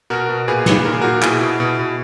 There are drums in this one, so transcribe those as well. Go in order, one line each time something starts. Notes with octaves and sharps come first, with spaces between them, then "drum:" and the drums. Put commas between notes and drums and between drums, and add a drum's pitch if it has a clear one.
B2 F#4 A#4
B2
A#2 G#4 B4
A#2, drum: snare
A#2 A#4
G#4
A#2 F#4 A#4
B2 E4 G#4, drum: clap
B2
B2
B2